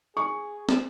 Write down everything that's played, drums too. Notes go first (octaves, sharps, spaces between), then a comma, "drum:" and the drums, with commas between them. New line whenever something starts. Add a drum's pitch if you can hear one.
G#4 C#6
drum: snare